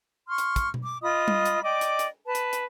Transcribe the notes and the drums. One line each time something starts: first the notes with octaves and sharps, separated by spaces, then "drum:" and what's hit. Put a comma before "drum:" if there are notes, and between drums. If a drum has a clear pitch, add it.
C6 C#6 F6
drum: hi-hat
drum: kick, hi-hat
drum: tom B2
D6
F4 D#5 B5 D#6
drum: tom G3
drum: hi-hat
D5 D#5 G5 D6
drum: hi-hat
drum: hi-hat
B4 A5
drum: hi-hat
drum: hi-hat